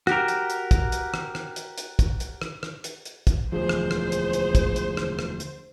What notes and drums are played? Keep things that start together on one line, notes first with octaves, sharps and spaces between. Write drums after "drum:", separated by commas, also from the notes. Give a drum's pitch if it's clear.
F#4 G4 A#4, drum: rim click
drum: hi-hat
drum: hi-hat
drum: kick, hi-hat
drum: hi-hat
drum: rim click
drum: rim click
drum: hi-hat
drum: hi-hat
drum: kick, hi-hat
drum: hi-hat
drum: rim click
drum: rim click
drum: hi-hat
drum: hi-hat
drum: kick, hi-hat
E1 D2 F3 G#4 C5
drum: rim click
drum: rim click
drum: hi-hat
drum: hi-hat
drum: kick, hi-hat
drum: hi-hat
drum: rim click
drum: rim click
drum: hi-hat